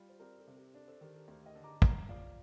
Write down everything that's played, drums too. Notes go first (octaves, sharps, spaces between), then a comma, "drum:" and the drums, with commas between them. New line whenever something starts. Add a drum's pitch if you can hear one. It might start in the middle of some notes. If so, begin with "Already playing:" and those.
Already playing: G3 F4
C5
C4 A#4 D5
A4 C5
C3
G4 A#4
D4 A4
A4 C5
D#3 G4 A#4
A4
D2 G4 A#4
D#5 G5
D3
A#5 D6
A2 G5 A#5, drum: kick
F3 D5 F5